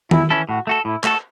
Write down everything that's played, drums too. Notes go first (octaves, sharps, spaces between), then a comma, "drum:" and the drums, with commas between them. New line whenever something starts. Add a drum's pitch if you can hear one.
E2 E4, drum: tom D#3
E3 C#4 E4 A4
A2 F#4
A3 F#4 A4
A2 E4
A3 F#4 A4, drum: clap